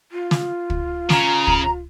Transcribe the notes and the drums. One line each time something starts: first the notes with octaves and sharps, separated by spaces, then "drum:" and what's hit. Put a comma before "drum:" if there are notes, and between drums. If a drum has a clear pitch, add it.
F4
drum: snare
drum: kick
C#3 A#5, drum: snare
drum: kick